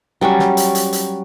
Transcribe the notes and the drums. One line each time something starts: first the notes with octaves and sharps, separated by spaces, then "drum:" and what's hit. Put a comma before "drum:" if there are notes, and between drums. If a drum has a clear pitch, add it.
F#3 G3 C#4 F#4
drum: snare
drum: hi-hat
drum: hi-hat
drum: hi-hat